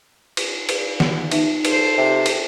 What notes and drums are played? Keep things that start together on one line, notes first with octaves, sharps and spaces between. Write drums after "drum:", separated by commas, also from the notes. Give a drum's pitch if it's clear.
drum: cymbal
drum: cymbal
drum: snare
D#4 E5, drum: cymbal
A4 C5, drum: cymbal
C3
drum: cymbal